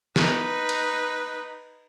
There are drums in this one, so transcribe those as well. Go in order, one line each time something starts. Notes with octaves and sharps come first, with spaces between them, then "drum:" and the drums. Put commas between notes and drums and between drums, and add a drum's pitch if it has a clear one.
D#4 B4, drum: snare
drum: cymbal